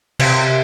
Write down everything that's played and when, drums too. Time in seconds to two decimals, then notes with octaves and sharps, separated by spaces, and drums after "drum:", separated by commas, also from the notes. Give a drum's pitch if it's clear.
0.19 C3, drum: cymbal